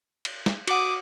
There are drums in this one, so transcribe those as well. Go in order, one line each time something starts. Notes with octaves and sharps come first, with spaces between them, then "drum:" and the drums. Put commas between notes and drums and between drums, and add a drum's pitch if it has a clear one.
drum: cymbal
drum: snare
F#4 F#5 D6 D#6, drum: cymbal